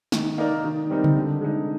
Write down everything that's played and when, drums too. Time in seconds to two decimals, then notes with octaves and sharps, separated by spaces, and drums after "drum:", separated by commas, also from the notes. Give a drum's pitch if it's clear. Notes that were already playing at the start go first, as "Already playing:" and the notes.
0.12 D#3, drum: snare
0.38 A#3 D#4 A#4 D5
0.64 D#3
0.90 G3 C4 D#4 A#4
1.04 drum: tom C#3
1.16 D3
1.41 G#3 D#4